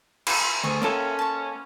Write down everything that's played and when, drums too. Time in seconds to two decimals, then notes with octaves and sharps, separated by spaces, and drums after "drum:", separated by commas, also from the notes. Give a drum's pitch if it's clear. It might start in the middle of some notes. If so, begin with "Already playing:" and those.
0.27 G#5, drum: cymbal
0.64 D2 G#4 G#5 C#6
0.82 A#3 C#4 A4 A#4 E5 G5
1.19 A5 C#6